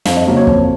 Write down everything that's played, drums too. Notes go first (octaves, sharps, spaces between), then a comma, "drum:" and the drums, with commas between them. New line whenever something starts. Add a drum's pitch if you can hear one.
F2 F5, drum: snare
D#5
C#3 F#3 A#3 C#5
C#5
F2, drum: kick